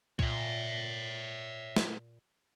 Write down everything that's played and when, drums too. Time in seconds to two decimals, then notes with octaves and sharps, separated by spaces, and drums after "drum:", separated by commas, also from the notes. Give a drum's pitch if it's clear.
0.19 A#2 C#5 E5, drum: kick C2
1.76 drum: snare